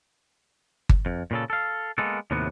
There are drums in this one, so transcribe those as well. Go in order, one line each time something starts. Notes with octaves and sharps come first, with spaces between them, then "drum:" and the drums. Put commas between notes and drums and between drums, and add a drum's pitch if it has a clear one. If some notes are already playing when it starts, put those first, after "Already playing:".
drum: kick G1
F2
A#2 C#3 A4
A4 F5
G#3 A#3 B3 A4
D#2 A2 C3 F#3 B3